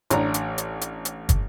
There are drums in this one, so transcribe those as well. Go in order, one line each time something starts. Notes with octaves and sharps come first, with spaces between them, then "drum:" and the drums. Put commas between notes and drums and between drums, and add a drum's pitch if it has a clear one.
A1 D4 A#5, drum: hi-hat
drum: hi-hat
drum: hi-hat
drum: hi-hat
drum: hi-hat
drum: kick, hi-hat